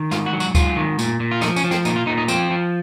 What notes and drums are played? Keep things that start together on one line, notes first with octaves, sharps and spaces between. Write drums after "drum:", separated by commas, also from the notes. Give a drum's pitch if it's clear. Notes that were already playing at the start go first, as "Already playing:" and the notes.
Already playing: D#3
G#2 F4, drum: snare
F#4
F#3
F#4, drum: tambourine
G#2 F4, drum: kick C#2, tambourine
D#3
A#2, drum: tambourine
A#2
F4
F3 D#4, drum: snare
C#4, drum: tambourine
F3
C4, drum: snare
A#2 D#4, drum: tambourine
F4
A#2 D#4
D#4
F3 C4, drum: tambourine
F3